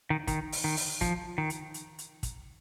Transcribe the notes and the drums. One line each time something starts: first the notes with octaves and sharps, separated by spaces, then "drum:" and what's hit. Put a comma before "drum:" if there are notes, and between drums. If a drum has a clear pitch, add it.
D#3
D#3, drum: kick, hi-hat
drum: open hi-hat
D#3
drum: open hi-hat
F3, drum: kick, hi-hat
D#3
drum: hi-hat
drum: hi-hat
drum: hi-hat
drum: kick, hi-hat